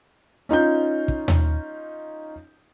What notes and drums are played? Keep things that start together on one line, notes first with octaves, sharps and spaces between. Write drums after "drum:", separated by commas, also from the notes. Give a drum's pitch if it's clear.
C#4 D#4 F4 G6
drum: kick
drum: tom D#2